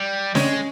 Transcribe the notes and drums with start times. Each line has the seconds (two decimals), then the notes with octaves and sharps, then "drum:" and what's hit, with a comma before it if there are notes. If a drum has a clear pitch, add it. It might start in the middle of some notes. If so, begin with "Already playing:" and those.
Already playing: G3
0.35 G#3 C#4, drum: snare